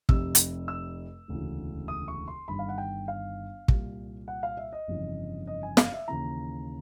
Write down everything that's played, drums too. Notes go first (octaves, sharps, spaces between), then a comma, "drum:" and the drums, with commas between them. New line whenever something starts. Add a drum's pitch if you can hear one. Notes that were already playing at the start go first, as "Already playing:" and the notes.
F1 F2 C3 E6, drum: kick
drum: hi-hat
E6
E1 D2 C#3 E3
D#6
C#6
C6
G1 G2 D#3 B5
F5
F#5
G5
F5
C2 A#2, drum: kick
F#5
F5
E5
D#5
G1 F2 C#3 E3
D#5
G#5
F5, drum: snare
E5
D#2 C#3 E3 A#5